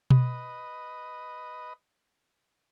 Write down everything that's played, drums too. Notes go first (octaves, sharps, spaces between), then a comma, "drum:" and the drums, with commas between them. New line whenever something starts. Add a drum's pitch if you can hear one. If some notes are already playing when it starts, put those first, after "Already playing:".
B4 D#5, drum: tom B2